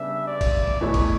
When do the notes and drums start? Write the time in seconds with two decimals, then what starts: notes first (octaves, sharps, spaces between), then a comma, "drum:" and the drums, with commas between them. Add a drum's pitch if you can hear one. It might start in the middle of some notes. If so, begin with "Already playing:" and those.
Already playing: C#3 G3 B3 D4 E5
0.27 D5
0.41 drum: kick, cymbal
0.67 drum: tom G2
0.81 E2 B2 A3 E4 C#5
0.94 drum: kick, cymbal